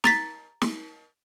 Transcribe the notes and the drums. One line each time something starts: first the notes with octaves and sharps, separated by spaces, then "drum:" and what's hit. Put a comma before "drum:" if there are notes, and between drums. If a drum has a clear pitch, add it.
A#5 A6 B6, drum: snare
drum: snare